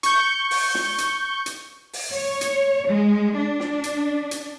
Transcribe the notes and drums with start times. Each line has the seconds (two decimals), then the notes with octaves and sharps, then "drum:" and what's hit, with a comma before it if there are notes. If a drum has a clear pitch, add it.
0.03 C#6 G6, drum: hi-hat
0.51 drum: open hi-hat
0.75 drum: snare
0.98 drum: hi-hat
1.46 drum: hi-hat
1.93 drum: open hi-hat
2.14 C#5
2.41 drum: hi-hat
2.88 G#3
3.36 D4
3.60 drum: snare
3.84 drum: hi-hat
4.31 drum: hi-hat